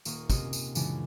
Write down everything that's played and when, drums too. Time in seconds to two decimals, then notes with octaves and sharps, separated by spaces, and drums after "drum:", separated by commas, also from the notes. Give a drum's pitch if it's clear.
0.05 D#1 A#3 C#6 D#6, drum: tambourine
0.30 C3 C4 C#4 D#5 D#6 F6, drum: kick, tambourine
0.53 drum: tambourine
0.75 F#2 A#2 C#3 E3 G#3 D4, drum: tambourine